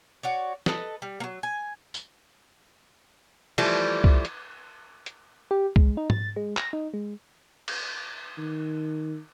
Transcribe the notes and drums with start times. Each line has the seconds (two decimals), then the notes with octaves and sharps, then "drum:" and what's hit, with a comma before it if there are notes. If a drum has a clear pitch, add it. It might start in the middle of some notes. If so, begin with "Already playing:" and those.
0.23 F#4 C#5 D5
0.66 A4 B4 D#5, drum: snare
1.02 G3
1.20 F#3 A#3
1.43 G#5
1.94 drum: tambourine
3.58 E3 F3 G3 A3, drum: cymbal
4.04 drum: kick C2
4.25 drum: hi-hat
5.06 drum: hi-hat
5.51 G4
5.76 G#3, drum: kick C2
5.97 D#4
6.10 A6, drum: tom G#2
6.36 G#3
6.57 A#6, drum: clap
6.73 D#4
6.94 G#3
7.68 drum: cymbal
8.38 D#3